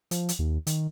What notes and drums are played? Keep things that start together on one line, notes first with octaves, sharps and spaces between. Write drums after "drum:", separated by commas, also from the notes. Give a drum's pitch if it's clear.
F3, drum: hi-hat
drum: hi-hat
D#2
D#3, drum: hi-hat